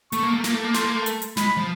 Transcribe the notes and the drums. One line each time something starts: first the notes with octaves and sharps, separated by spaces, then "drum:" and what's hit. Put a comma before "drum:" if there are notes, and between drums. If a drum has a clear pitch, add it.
A3 C#6, drum: hi-hat
A#3
A3
A#3, drum: snare
A3
A#3
A3 C6, drum: snare
A#3
A3
drum: hi-hat
drum: hi-hat
G#3 B5, drum: snare
F3